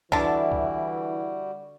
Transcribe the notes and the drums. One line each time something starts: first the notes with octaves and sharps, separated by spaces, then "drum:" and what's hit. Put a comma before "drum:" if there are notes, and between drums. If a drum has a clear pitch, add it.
D3 E3 G3 E4 F#4 A5, drum: kick
drum: kick